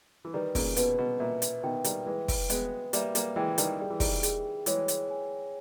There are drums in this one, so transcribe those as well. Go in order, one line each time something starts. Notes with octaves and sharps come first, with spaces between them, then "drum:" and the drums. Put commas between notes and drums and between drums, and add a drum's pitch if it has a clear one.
E3
D#3 G3 B4
A#2 C#3, drum: kick, open hi-hat
B2 B4, drum: hi-hat
B2
A#2 E5
drum: hi-hat
B2 D#3 G5
D#3 G3, drum: hi-hat
E3 G#3 B4
drum: kick, open hi-hat
G#3 B3 B4, drum: hi-hat
G3 A#3 E5, drum: hi-hat
G3 A#3, drum: hi-hat
E3 G#3 G5
D#3 G3, drum: hi-hat
G3 G#4
E3
D#3 G3, drum: kick, open hi-hat
G#4, drum: hi-hat
E3 G#3 C#5, drum: hi-hat
drum: hi-hat
G#5